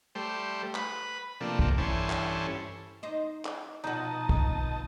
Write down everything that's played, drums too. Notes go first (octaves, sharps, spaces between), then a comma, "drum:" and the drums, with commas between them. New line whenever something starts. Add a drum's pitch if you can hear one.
G3 A3 C5
B4 B5, drum: clap
C3 F3 A3 A#3 D4
drum: kick
G2 E3 C#4 A4 C5
drum: clap
D#4 C5
drum: clap
B2 F3 D#4 F#4 D#5 A5
drum: kick